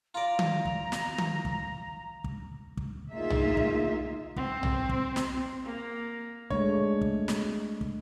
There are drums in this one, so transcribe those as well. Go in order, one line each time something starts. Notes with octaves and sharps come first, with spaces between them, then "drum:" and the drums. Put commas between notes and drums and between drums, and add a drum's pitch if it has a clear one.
F4 D5 A#5
drum: tom D#3
drum: kick
drum: snare
drum: tom D#3
drum: kick
drum: kick
drum: kick
D2 A#3 D#4 F4 G#4 E5
drum: tom
drum: kick
C4, drum: kick
drum: tom
drum: kick
drum: snare
A#3
G#3 A3 D4 C#5, drum: kick
drum: kick
drum: snare
drum: kick